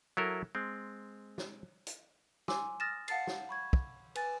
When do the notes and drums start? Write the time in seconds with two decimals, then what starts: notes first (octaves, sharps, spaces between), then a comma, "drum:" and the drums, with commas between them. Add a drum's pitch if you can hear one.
0.17 F#3 E4 A4 A#4
0.55 G#3 C4
1.38 drum: snare
1.87 drum: hi-hat
2.48 G#5 C6 D6 E6, drum: snare
2.80 D#6 F6 A6 A#6 E7
3.08 F5 F#5 A5 A6 C7, drum: cymbal
3.27 drum: snare
3.49 B5 C#6 G#6
3.73 drum: kick
4.15 B4 G#5 A6, drum: cymbal